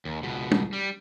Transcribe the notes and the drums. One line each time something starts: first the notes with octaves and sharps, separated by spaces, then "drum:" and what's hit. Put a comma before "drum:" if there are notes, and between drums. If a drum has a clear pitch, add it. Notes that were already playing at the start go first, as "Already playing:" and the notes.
D#2
C#2 B2
drum: tom
G3